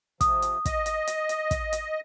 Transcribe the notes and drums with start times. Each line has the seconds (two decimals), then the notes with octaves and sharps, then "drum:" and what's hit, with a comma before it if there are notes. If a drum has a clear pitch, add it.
0.21 C3 F3 D#6, drum: kick, hi-hat
0.42 drum: hi-hat
0.65 D#5, drum: kick, hi-hat
0.86 drum: hi-hat
1.07 drum: hi-hat
1.29 drum: hi-hat
1.51 drum: kick, hi-hat
1.73 drum: hi-hat